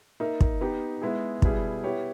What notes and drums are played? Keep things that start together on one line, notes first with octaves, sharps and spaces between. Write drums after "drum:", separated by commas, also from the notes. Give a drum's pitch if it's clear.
A#3 D#4 A#4 E5
drum: kick
B3 D#4 G4
G#3 B3 E4 G#4
B2 G3 B3 E4 G#4, drum: kick
B3 E4 G4 C#5